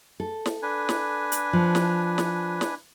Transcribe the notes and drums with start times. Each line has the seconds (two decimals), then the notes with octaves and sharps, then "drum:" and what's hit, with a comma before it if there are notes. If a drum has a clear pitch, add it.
0.20 A4
0.46 drum: snare
0.62 D4 B4 G#5
0.89 drum: snare
1.32 drum: hi-hat
1.53 F3
1.75 drum: snare
2.18 drum: snare
2.61 drum: snare